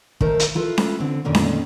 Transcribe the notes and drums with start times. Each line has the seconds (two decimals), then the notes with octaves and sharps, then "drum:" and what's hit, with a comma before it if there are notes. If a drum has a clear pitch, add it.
0.21 D#3 A3 A4 A#4 C5, drum: kick
0.40 drum: hi-hat
0.55 E4 F4 A4 B4
0.78 drum: snare C#4
1.00 D3 C4
1.24 F2 A#2 D3 D#3 C#4
1.35 drum: snare C#4